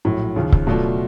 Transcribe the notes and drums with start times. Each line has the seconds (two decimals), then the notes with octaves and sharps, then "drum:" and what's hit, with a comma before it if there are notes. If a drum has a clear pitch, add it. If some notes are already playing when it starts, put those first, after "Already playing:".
0.05 A#1 A2 F#3
0.36 D#2 C#3 F3
0.52 drum: kick C#1
0.67 B2 F#3 A3 D4 F4